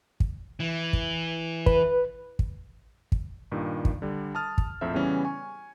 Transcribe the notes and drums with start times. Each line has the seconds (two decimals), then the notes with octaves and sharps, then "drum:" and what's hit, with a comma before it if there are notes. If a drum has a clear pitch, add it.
0.20 drum: kick
0.60 E3
0.93 drum: kick
1.66 B4, drum: kick
2.39 drum: kick
3.12 drum: kick
3.52 G2 A#2 D#3
3.85 drum: kick
4.02 D3 G3
4.35 A5 D#6 F6 A6
4.58 drum: kick
4.81 A#1 F2 A2 C4 C5 E5
4.94 C#3 E3 G3 B3 C#4
5.25 G#5 C#6